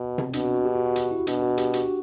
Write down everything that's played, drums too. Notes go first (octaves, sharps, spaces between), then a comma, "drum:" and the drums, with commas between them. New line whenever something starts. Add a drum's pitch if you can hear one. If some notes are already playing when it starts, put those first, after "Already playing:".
Already playing: B2
C4, drum: tom C3
B2 D4, drum: hi-hat
F#4
F#4
G4
F#4
F#4
F#4, drum: hi-hat
E4
B2 D4, drum: hi-hat
F#4
G4, drum: hi-hat
F#4, drum: hi-hat